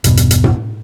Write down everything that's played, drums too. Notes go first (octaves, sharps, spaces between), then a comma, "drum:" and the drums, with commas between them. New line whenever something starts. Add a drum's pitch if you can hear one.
G1 E2 G2 B2, drum: hi-hat
drum: hi-hat
drum: hi-hat
drum: tom A2